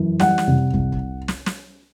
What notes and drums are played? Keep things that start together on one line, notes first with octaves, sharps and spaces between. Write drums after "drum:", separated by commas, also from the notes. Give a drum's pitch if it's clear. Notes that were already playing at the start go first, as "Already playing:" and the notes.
Already playing: F#2 E3
G3 F#5, drum: snare
drum: snare
C3
C2, drum: kick
drum: kick
drum: snare
drum: snare